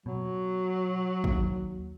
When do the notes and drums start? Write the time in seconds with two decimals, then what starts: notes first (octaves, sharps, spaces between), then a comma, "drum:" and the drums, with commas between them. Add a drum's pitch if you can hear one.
0.06 B2 F#3
1.24 D#2, drum: kick